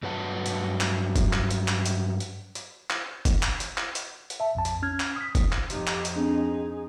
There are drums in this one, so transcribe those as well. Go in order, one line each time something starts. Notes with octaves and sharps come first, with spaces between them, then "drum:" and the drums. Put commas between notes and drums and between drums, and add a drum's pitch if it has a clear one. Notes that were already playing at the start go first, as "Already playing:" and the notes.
G2 F#3 B4 F#5 A5
drum: hi-hat
drum: clap
drum: kick, hi-hat
drum: clap
drum: hi-hat
drum: clap
drum: hi-hat
drum: hi-hat
drum: hi-hat
drum: clap
drum: kick, hi-hat
drum: clap
drum: hi-hat
drum: clap
drum: hi-hat
drum: hi-hat
E5 A5
A#1 F2 A5
drum: hi-hat
C#4 F6 G#6
drum: clap
D#6 B6
drum: kick, hi-hat
drum: clap
F2 D#4 G4, drum: hi-hat
drum: clap
drum: hi-hat
C4 D4 G#4